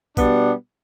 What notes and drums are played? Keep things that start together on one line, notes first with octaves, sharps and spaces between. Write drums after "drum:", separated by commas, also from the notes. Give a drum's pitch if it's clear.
B2 G3 B3 D4, drum: kick, tambourine